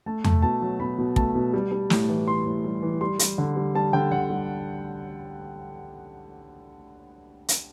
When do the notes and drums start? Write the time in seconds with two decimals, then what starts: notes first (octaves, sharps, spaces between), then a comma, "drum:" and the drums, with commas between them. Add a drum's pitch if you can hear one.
0.06 A3 A5
0.24 A3, drum: tom E2
0.42 B2 A5
0.62 F#3
0.79 B2 B5
0.99 B2
1.16 A3 A5, drum: kick
1.35 B2
1.54 G3
1.72 G3
1.90 A2, drum: snare
2.09 E3
2.27 E3 C6
2.46 A2
2.64 G3
2.82 E3
3.01 G3 C6
3.19 G3, drum: hi-hat
3.38 D3
3.56 G3
3.75 G3 A5
3.93 D3 G5
4.12 D3 F#5
4.30 G3
7.48 drum: hi-hat